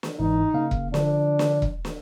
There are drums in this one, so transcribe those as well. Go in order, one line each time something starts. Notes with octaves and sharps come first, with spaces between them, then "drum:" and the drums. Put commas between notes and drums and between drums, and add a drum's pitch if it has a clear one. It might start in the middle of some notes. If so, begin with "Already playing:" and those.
drum: snare
G1 G#2 E3 D#4
C#3 A#3 F5
drum: kick E1
D3 F3 D4, drum: snare
drum: snare
drum: kick E1
drum: snare